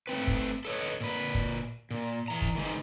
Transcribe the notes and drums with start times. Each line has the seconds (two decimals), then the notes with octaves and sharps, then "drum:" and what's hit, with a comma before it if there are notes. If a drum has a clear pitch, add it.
0.08 A3 C4 B4
0.27 drum: kick
0.65 A4 B4 C#5 D#5
1.01 A#2 B4
1.34 drum: kick
1.91 A#2
2.28 E3 A#5
2.42 drum: kick
2.55 D#3 E3 G#3 D#4